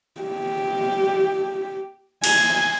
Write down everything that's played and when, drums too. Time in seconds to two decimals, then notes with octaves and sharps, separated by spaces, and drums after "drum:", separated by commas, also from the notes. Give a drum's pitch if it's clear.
0.21 G4
2.24 G#5, drum: cymbal